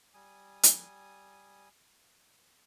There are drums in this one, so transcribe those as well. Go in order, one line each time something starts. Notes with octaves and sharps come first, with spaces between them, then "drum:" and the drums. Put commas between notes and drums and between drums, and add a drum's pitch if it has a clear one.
G3 G#5 D#6
drum: hi-hat